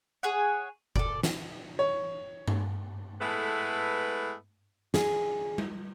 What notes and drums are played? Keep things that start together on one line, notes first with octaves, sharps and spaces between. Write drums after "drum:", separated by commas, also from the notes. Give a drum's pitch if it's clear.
G#4 C#5 F#5
A4 D5, drum: kick F1
drum: snare
C#5
drum: tom G2
G#3 A3 B3 E4 A4 B4
G#4, drum: snare
drum: tom G3